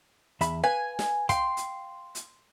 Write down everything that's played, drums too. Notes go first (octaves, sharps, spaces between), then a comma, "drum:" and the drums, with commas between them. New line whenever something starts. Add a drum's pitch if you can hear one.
E2 E5 B5, drum: hi-hat
B4 F5 G#5
drum: snare
F5 G5 C6, drum: kick, hi-hat
drum: hi-hat
drum: hi-hat